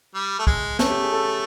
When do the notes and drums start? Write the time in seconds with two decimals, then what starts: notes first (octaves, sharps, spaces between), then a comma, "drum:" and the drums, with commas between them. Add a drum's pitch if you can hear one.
0.15 G3
0.39 A3
0.47 G#3, drum: kick
0.79 A3 C#4, drum: snare
0.90 G4
1.01 G#4
1.12 A4